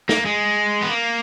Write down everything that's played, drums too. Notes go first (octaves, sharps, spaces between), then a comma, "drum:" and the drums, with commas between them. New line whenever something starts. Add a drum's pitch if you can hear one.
A#3, drum: snare
G#3
B3
A#3